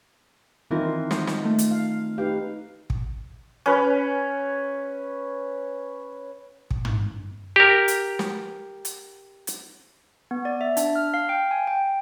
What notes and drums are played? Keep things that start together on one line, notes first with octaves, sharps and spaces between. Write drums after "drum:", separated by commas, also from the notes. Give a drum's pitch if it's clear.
D#3 E3 C4 D#4 F4 A#4
C5 D#5, drum: snare
drum: snare
A3
drum: hi-hat
F5
D#4 G4 B4 F5
drum: kick
C#4 B4
drum: kick
drum: tom
G4 A#4
drum: hi-hat
drum: snare
drum: hi-hat
drum: hi-hat
B3
D5
E5
D4, drum: hi-hat
F6
F5
G5
G#5
G5